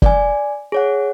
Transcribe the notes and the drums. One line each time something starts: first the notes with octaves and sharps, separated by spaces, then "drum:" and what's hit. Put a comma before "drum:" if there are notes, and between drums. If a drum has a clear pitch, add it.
D5 G#5, drum: kick
G#4 C#5 F#5